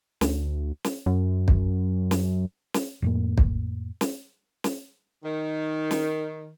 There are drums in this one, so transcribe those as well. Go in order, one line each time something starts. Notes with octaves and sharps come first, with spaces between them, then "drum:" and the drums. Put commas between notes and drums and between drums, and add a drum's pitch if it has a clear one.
D2, drum: snare
drum: snare
F#2
drum: kick
drum: snare
drum: snare
F2 A2 A#3
drum: kick
drum: snare
drum: snare
D#3
drum: snare